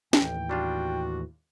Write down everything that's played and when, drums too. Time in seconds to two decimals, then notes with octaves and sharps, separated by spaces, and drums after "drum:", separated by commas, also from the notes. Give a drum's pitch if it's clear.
0.13 A1 D#2 A2 E3 G5, drum: snare
0.49 G3 D4 F4 F#4